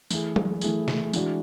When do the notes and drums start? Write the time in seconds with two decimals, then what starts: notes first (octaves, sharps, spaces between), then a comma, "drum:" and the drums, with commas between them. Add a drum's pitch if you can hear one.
0.10 E3 A3 E4 G#4, drum: tambourine
0.36 drum: tom F#3
0.61 E3 A3 E4 G#4, drum: tambourine
0.88 drum: snare
1.13 E3 G#3 D4 F#4, drum: tambourine